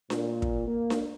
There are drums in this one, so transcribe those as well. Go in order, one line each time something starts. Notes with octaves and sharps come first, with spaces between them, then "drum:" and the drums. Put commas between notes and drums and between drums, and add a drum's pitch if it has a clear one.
A#2, drum: snare D4
drum: kick
A#3
drum: snare D4